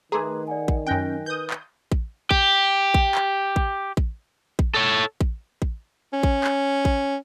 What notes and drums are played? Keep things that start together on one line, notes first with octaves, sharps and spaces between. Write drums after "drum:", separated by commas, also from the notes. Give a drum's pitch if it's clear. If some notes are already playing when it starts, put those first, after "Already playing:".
D#3 A3 G#4 B4 A#5 C6 D6
D5 F#5 G#5
drum: kick A1
F#2 C#4 G5 G#5 F#6 A#6
B4 D#6 G6
drum: clap
drum: kick A1
G4, drum: kick A1
drum: kick A1
drum: clap
drum: kick A1
drum: kick A1
drum: kick A1
A4 C#5
drum: kick A1
drum: kick A1
C#4
drum: kick A1
drum: clap
drum: kick A1